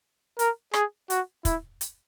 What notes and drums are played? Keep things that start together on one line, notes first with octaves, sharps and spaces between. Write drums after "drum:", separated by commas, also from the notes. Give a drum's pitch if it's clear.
A#4, drum: hi-hat
G#4, drum: rim click
F#4, drum: hi-hat
E4, drum: kick, hi-hat
drum: hi-hat